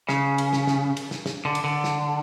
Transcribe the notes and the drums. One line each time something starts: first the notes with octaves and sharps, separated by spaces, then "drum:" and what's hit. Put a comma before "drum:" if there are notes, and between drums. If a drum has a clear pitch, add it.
C#3, drum: snare
drum: cymbal
drum: snare
drum: snare
drum: cymbal
drum: snare
drum: snare
D3
drum: cymbal
D3
drum: snare